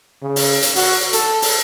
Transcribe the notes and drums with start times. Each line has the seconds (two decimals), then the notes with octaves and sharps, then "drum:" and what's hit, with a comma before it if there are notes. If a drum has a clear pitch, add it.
0.22 C#3
0.36 drum: open hi-hat
0.62 drum: hi-hat
0.76 F#4, drum: open hi-hat
1.13 A4, drum: hi-hat
1.42 drum: open hi-hat